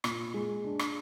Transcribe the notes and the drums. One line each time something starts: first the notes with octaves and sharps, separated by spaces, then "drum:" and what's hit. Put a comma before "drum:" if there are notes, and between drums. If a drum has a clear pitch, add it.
A#2, drum: rim click
G#3
D4
drum: rim click